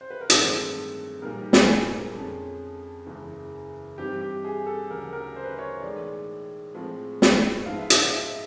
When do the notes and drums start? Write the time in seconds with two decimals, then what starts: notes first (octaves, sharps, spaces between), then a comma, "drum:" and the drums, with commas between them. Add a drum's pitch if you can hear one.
0.01 C5
0.11 B4
0.21 A#4
0.30 A1 G2 D#3 G#3 C4 A4, drum: hi-hat
1.21 B1 A#2 G3 A#3 D#4 A#4
1.42 G4
1.53 G#4, drum: snare
1.83 G#4
2.15 F2 D3 F3 G#3 C#4
3.06 F#1 E2 C#3 E3 G#3
3.98 G2 E3 G3 C4 D#4 G4
4.21 G4
4.45 G#4
4.66 A4
4.91 D2 C#3 F#3 A#4
5.13 A#4
5.36 C5
5.44 B4
5.51 C5
5.59 C#5
5.82 B1 A2 E3 G#3 D5
6.74 A2 F3 G#3 C4 F4
7.22 drum: snare
7.66 G#2 F3 G#3 B3 E4 F5
7.78 E5
7.90 D#5, drum: hi-hat
8.03 E5